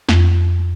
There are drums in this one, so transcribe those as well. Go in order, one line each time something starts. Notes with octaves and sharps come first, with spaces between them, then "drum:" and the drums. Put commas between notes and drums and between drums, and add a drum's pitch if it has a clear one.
F2, drum: snare